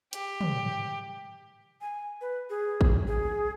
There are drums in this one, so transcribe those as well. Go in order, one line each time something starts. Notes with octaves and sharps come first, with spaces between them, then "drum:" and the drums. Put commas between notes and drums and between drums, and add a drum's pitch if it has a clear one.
G4, drum: hi-hat
drum: tom
G#5
B4
G#4
drum: kick A1
G#4